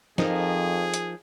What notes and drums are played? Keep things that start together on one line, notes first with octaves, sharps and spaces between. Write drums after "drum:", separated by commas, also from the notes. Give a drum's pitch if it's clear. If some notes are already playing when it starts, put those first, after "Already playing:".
F2 F3 D#4 G#4 A#4, drum: snare
drum: hi-hat